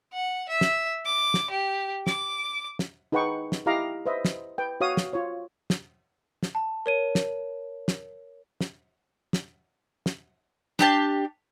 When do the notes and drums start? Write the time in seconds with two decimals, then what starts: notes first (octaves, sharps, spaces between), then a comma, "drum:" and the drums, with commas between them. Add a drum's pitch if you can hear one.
0.13 F#5
0.49 E5
0.61 drum: snare
1.05 D6
1.34 drum: snare
1.50 G4
2.07 D6, drum: snare
2.79 drum: snare
3.12 D#4 G#4 B4 F#5 G5 C#6
3.52 drum: snare
3.66 E4 G4 D#5 F5 A#5 D6
4.06 B4 C5 D#5 E5
4.25 drum: snare
4.58 B4 G5
4.81 F#4 C#5 F5 D#6
4.97 drum: snare
5.13 F4 C#5
5.70 drum: snare
6.43 drum: snare
6.55 A5
6.86 A#4 C#5 D#7
7.15 drum: snare
7.88 drum: snare
8.61 drum: snare
9.33 drum: snare
10.06 drum: snare
10.79 D4 G4 A5, drum: snare